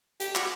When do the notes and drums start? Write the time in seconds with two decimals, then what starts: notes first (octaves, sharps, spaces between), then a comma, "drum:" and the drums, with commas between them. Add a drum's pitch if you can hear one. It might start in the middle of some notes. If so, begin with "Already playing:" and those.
0.20 G4, drum: hi-hat
0.35 F#4, drum: clap